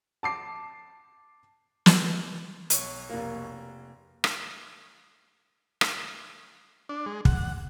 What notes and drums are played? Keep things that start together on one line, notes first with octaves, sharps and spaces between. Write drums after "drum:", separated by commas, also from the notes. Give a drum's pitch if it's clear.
A5 D6 C7
drum: snare
B1 C#5, drum: hi-hat
F1 A#3
drum: rim click
drum: rim click
D4
G#3
F#5, drum: kick